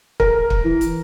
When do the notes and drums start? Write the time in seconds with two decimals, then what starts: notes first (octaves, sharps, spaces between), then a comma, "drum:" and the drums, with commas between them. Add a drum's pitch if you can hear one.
0.20 A#4, drum: kick
0.50 drum: kick
0.64 E3
0.81 drum: hi-hat